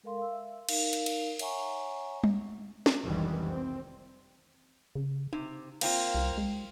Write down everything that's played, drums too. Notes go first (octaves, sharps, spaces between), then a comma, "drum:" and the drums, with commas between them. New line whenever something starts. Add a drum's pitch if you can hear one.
G#3 A4 A#4 F5 C6
F5 E6
E5
D#4 A#4 F5, drum: cymbal
drum: hi-hat
drum: cymbal
C#5 E5 F#5 G#5 A#5 C#6, drum: cymbal
drum: tom G3
drum: snare
F1 C2 D#3 E3 G3 G#3
C4
C#3
C3 D#4
A#3 C4 F4, drum: cymbal
C2
G#3